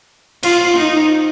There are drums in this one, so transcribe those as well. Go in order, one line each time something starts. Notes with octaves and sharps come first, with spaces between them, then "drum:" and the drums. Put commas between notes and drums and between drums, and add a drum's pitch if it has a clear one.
F4, drum: cymbal
D#4